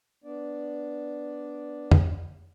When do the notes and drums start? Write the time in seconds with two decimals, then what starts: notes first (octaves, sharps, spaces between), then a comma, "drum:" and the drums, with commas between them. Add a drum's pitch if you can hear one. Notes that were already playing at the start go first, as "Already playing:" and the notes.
0.24 B3 D4 D5
1.91 drum: tom